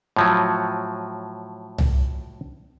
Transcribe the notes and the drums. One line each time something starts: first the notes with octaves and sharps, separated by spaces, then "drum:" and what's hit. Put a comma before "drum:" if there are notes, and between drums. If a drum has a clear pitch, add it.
A2 F3 F#3
drum: tom